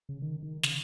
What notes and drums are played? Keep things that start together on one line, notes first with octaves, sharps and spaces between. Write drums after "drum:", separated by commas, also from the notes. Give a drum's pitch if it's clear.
C#3
D#3
D#3
C#3, drum: snare